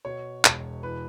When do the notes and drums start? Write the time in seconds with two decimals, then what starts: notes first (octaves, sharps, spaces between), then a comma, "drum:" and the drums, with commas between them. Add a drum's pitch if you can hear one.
0.05 B2 C#5
0.45 E1, drum: clap
0.83 E3 B4